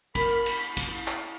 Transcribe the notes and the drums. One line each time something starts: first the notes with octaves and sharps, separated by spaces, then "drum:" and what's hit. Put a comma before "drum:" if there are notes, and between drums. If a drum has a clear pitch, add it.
A#4 B5, drum: kick, cymbal
drum: cymbal
drum: kick, cymbal
drum: clap